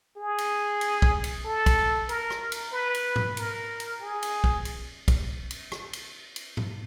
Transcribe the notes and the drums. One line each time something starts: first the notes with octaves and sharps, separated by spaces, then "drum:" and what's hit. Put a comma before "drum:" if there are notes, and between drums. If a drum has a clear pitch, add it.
G#4
drum: cymbal
drum: cymbal
drum: kick
drum: cymbal
A4
drum: kick, cymbal
A#4, drum: cymbal
drum: rim click
drum: cymbal
B4
drum: cymbal
drum: tom G#2
A#4, drum: cymbal
drum: cymbal
G#4
drum: cymbal
drum: kick
drum: cymbal
drum: kick, cymbal
drum: cymbal
drum: rim click
drum: cymbal
drum: cymbal
drum: tom G#2